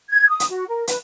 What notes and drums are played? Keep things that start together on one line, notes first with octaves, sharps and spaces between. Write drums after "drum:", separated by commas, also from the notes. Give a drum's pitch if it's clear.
G#6
D#6
drum: hi-hat
F#4
A#4
B4, drum: hi-hat